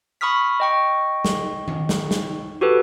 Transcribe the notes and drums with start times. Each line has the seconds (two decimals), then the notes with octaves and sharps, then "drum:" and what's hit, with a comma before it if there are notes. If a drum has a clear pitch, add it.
0.21 B5 C#6 D#6 F6 B6
0.60 D#5 G5 C#6
1.25 drum: snare
1.68 drum: tom D#3
1.89 drum: snare
2.11 drum: snare
2.61 F#4 G4 A4 B4